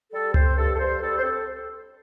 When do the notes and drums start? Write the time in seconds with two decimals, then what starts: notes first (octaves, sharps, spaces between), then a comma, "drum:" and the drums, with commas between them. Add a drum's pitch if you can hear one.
0.12 G3 A4
0.34 C4 C5, drum: tom C#2
0.58 G2 A4
0.75 A4
0.79 G2 C5
1.01 G3 A4
1.18 C5
1.23 C4 A4